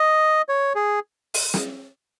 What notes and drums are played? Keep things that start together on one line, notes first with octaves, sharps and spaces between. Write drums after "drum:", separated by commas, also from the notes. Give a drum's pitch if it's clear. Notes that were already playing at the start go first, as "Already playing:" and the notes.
Already playing: D#5
C#5
G#4
drum: open hi-hat
drum: snare